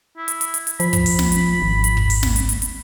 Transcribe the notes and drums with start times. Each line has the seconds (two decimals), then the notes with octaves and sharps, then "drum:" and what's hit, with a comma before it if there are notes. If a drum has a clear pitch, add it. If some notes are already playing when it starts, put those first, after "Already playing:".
0.17 E4
0.28 drum: hi-hat
0.41 drum: hi-hat
0.54 drum: hi-hat
0.67 drum: hi-hat
0.80 F3 B5, drum: hi-hat
0.93 drum: kick, hi-hat
1.06 drum: open hi-hat
1.19 drum: snare
1.32 drum: hi-hat
1.62 G#1
1.84 drum: hi-hat
1.97 drum: kick
2.10 drum: open hi-hat
2.23 drum: snare
2.36 drum: hi-hat
2.49 drum: hi-hat
2.62 drum: hi-hat